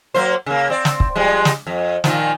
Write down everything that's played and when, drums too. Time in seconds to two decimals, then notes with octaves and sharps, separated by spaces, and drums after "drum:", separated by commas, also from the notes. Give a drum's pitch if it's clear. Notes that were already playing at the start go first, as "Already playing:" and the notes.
0.14 F#3 A#3 C5
0.46 C#3 A#3
0.70 C4 D5
0.85 drum: snare
1.00 drum: kick
1.16 F3 G3 G#3
1.45 drum: snare
1.67 F2
2.04 A#2 D#3 F3, drum: snare